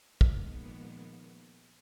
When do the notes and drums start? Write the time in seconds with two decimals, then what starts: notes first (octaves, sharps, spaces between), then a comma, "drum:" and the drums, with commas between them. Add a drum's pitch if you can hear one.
0.21 A#2 D#3 F3 G#3 A#3 B3, drum: kick